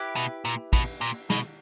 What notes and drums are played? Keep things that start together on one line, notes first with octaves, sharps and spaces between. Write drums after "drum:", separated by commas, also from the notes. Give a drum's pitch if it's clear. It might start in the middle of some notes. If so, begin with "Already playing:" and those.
Already playing: E4 G4 B4
B2
A#2
B2, drum: kick, cymbal
A#2
B2, drum: snare